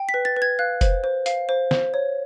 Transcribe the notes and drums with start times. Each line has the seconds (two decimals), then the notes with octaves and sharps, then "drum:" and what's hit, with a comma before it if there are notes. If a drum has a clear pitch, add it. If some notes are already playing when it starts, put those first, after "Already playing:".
Already playing: G5
0.09 B6
0.14 B4
0.25 A6
0.36 B4
0.42 G#6
0.59 F5 F#6
0.81 C5, drum: kick F1, hi-hat
1.04 C5
1.26 F5, drum: hi-hat
1.49 C5
1.71 C5, drum: snare
1.94 C#5